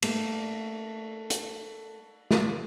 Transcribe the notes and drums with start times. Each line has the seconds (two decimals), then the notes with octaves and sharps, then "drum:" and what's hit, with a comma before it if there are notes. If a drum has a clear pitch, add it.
0.02 A3 A#3, drum: cymbal
1.30 drum: hi-hat
2.31 drum: snare